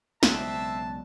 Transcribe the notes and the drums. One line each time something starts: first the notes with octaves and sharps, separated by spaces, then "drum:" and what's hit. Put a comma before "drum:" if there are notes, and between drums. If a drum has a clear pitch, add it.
B1 C#3 G#3 C4 D5 E5 A5 F#6, drum: snare